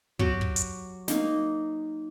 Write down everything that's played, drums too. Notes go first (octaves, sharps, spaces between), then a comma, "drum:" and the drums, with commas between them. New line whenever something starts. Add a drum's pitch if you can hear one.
F#3 F#4 G4, drum: kick
drum: kick
drum: hi-hat
A#3 D#4, drum: snare